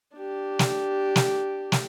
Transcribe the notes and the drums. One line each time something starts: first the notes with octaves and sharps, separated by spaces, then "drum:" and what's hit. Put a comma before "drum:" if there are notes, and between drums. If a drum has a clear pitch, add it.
D4 G4
drum: snare
drum: snare
drum: snare